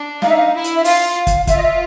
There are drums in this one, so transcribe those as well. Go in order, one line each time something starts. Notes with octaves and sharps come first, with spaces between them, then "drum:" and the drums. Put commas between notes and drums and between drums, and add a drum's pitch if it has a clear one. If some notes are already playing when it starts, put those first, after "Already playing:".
Already playing: D4
D#4 F5, drum: snare
E5
F5
E4
drum: hi-hat
E5
F4 F5, drum: open hi-hat
drum: kick, hi-hat
F4 E5, drum: kick, hi-hat
D#5
E5